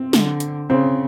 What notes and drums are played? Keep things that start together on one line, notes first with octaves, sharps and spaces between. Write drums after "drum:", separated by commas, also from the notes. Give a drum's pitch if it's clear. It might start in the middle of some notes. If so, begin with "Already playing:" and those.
Already playing: C4
D3, drum: snare
drum: hi-hat
C#3 C4